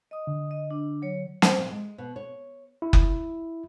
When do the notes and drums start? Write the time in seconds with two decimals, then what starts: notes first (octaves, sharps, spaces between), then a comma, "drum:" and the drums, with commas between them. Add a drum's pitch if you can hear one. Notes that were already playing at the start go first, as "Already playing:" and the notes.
0.11 D#5 D#6
0.27 D3
0.51 D#5
0.71 D4
1.02 F#3 C#5
1.42 C4, drum: snare
1.58 A#2
1.71 G#3
1.98 B2
2.16 C#5
2.82 E4
2.93 drum: kick F#1